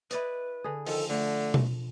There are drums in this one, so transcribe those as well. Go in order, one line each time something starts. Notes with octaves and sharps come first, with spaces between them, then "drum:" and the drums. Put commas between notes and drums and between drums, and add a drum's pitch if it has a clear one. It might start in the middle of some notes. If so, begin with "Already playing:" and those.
E4 B4 D5 D#5, drum: hi-hat
D3 G#4
D#3 F3 A4, drum: open hi-hat
D3 A3
drum: tom B2